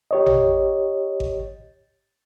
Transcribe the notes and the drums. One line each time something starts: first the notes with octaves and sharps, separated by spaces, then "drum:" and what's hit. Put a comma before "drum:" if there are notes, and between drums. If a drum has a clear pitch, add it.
G4 C#5 D#5
drum: tom A1
drum: kick G#1